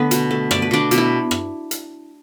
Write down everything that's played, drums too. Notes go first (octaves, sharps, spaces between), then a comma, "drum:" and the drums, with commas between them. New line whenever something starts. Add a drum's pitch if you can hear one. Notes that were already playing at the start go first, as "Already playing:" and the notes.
Already playing: D3 A3 B3 B4
B2, drum: hi-hat
A3
A3 D5, drum: rim click
B4
B2 D4 D5
B2, drum: hi-hat
E4
drum: rim click
drum: hi-hat